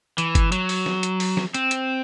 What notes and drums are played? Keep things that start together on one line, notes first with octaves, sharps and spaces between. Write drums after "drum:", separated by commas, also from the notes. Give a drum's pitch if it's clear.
E3, drum: hi-hat
drum: kick G1, hi-hat
F#3, drum: hi-hat
drum: open hi-hat
drum: snare
drum: hi-hat
drum: open hi-hat
drum: snare
C4, drum: hi-hat
drum: hi-hat